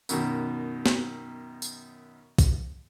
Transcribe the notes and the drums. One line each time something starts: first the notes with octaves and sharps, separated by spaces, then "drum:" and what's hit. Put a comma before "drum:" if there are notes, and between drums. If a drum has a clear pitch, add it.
F#2 B2 D#3, drum: tambourine
drum: snare
drum: tambourine
drum: kick, tambourine